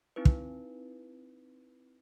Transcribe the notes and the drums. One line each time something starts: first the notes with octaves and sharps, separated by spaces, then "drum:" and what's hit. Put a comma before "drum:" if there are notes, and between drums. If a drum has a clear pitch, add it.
C4 D#4 E4 B4
drum: kick